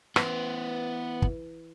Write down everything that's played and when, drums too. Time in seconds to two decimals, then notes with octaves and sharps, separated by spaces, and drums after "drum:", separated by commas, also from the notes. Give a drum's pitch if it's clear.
0.16 E3 B3 C5, drum: rim click
1.22 drum: kick